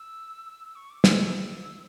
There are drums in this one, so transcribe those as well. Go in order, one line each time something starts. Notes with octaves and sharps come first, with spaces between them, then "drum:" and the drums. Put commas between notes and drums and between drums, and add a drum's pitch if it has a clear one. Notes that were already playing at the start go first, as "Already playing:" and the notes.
Already playing: E6
C#6
D6
D#6, drum: snare
E6